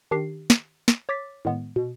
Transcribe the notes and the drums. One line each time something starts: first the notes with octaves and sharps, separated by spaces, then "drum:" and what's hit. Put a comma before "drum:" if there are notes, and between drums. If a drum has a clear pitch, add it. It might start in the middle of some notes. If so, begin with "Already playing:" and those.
D#3 D4 G4 C7
drum: snare
drum: snare
C#5 D6 A6 B6
A2 D#3 G#3 B3
B2